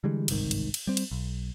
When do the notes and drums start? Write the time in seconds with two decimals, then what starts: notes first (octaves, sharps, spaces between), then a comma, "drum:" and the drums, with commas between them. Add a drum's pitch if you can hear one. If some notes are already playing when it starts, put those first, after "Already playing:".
0.04 D3 E3 G3 G#3
0.28 G1 C2 G#2 D#3, drum: cymbal
0.51 drum: cymbal
0.74 drum: cymbal
0.87 G3 C4
0.97 drum: cymbal
1.11 B1